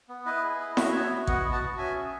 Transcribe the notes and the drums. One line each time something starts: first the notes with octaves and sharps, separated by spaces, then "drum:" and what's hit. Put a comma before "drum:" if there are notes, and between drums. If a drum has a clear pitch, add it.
B3
E4 B4 D#5
G#4
E4
F#4 E5, drum: snare E4
D#5
B3 C#5 E5
F#4
B3 D#5 F#5, drum: kick
F#4
F#5 A5
F#4
C#4 E5 G#5
G#4